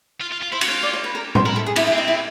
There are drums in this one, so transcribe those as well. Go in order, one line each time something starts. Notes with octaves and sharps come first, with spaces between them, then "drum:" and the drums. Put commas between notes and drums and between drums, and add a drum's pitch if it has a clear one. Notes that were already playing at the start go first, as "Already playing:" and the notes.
F4
F4
F4
E4 C5
F#4, drum: cymbal
F4 C#5
D5
C#5
B4
A#4
C5, drum: tom A2
E4 A#4
A4
G#4
B3 E4, drum: cymbal
E4
C4 D#4
E4